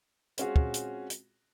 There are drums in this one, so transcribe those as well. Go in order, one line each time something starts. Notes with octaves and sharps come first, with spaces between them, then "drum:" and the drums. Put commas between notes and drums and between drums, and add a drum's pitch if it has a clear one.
G#3 C4 C#4 F4 F#4 G#4, drum: hi-hat
drum: kick
drum: hi-hat
drum: hi-hat